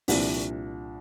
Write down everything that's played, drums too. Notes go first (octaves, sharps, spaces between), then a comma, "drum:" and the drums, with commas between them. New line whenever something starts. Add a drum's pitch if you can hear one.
C2 A#2 F3 D4, drum: open hi-hat